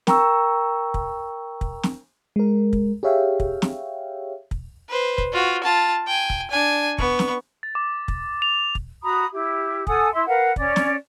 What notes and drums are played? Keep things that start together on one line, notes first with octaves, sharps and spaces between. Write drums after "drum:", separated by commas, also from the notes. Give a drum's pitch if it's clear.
A#4 G5 A#5 C#6 E6, drum: snare
drum: kick
drum: kick
drum: snare
G#3 A#4
drum: kick
G4 G#4 C#5 E5 F5 G5
drum: kick
drum: snare
drum: kick
B4 C5
drum: kick
F4 F#4
F4 A5
G5 G#5
drum: kick
D4 G#5
B3 C#6, drum: kick
drum: snare
A6
D6
drum: kick
F7
drum: kick
F#4 A#5 B5 D#6
E4 G4
A4 F#5 G#5 D#6, drum: kick
E4 E5 C6
A#4 B4 F5 F#5
C#4 D5, drum: kick
drum: snare